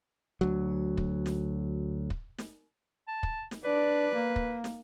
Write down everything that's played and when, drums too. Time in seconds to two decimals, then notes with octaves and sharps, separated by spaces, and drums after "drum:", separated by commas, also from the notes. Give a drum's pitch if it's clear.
0.41 D2 F#3
0.97 drum: kick
1.26 drum: snare
2.10 drum: kick
2.38 drum: snare
3.08 A5
3.23 drum: kick
3.51 drum: snare
3.65 D4 B4 D5
4.15 A#3
4.36 drum: kick
4.64 drum: snare